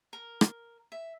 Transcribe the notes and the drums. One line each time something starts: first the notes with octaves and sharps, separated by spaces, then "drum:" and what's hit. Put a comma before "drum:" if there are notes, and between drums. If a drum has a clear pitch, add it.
A#4
drum: rim click
E5